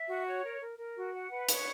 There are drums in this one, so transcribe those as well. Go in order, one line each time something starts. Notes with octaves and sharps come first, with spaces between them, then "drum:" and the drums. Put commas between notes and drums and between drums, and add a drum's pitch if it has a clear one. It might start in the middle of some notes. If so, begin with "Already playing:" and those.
Already playing: E5
F#4
C#5
A#4
A#4
A#4
F#4
F#5
B4
C#5, drum: hi-hat